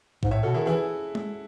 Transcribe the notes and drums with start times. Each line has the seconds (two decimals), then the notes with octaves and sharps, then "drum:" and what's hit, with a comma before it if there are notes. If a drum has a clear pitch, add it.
0.23 G#2, drum: kick
0.31 A2 C#5 E5
0.43 B2 F#4 A4
0.54 D#3 E4 G#4
0.66 E3 E4 G#4
1.15 drum: tom G#3